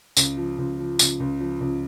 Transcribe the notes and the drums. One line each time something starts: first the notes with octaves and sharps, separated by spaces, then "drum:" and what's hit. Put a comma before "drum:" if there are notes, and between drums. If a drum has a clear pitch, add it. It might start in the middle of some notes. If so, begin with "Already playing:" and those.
C#2, drum: tambourine
F3
C#2
F3
C#2, drum: tambourine
C#2
F3
C#2